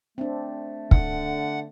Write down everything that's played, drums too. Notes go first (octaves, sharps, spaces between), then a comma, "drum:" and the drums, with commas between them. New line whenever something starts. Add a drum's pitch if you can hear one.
A3 C4 D4
D3 F#5, drum: kick